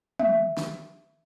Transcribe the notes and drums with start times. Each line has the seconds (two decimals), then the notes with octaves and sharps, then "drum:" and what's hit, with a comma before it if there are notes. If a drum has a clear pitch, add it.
0.19 E5, drum: tom
0.57 drum: snare